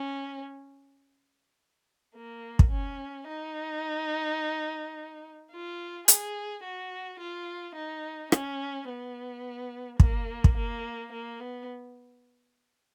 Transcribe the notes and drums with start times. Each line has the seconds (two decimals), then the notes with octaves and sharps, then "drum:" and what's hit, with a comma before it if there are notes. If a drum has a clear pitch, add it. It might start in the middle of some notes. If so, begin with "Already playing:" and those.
Already playing: C#4
2.15 A#3
2.59 drum: kick
2.71 C#4
3.27 D#4
5.52 F4
6.08 G#4, drum: hi-hat
6.64 F#4
7.20 F4
7.76 D#4
8.32 C#4, drum: rim click
8.89 B3
10.00 A#3, drum: kick
10.44 drum: kick
10.56 A#3
11.12 A#3
11.40 B3